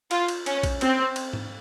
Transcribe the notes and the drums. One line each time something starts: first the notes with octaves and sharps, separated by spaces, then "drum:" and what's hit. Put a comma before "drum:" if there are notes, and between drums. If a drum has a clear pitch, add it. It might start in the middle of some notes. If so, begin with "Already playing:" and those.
F4, drum: cymbal
drum: cymbal
C#4, drum: cymbal
drum: kick A#1, cymbal
C4, drum: cymbal
drum: cymbal
drum: tom G#2